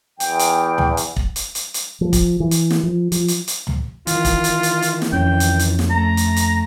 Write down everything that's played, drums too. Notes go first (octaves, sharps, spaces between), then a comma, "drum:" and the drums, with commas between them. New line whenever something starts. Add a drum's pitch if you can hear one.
E2 G5, drum: hi-hat
drum: hi-hat
drum: tom
drum: hi-hat
drum: kick
drum: hi-hat
drum: hi-hat
drum: hi-hat
F3
drum: kick, hi-hat
E3
drum: hi-hat
drum: snare
F3
F3, drum: hi-hat
drum: hi-hat
drum: hi-hat
drum: tom
D#3 E3 F4, drum: hi-hat
drum: kick, hi-hat
drum: hi-hat
drum: hi-hat
drum: hi-hat
drum: snare
F2 C#4 G5
drum: hi-hat
drum: hi-hat
drum: snare
A3 A#5
drum: hi-hat
drum: hi-hat